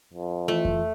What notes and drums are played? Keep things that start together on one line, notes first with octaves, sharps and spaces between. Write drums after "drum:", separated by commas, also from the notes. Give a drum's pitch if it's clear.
F2
E3 A3 F4
drum: kick F2